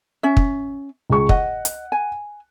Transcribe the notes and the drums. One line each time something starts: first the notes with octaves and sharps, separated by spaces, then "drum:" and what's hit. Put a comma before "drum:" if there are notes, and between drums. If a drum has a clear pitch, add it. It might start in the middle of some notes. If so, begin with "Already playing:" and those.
C#4 E5
drum: kick
C#2 G#4 C#6
D#5 F#5, drum: kick
drum: hi-hat
G#5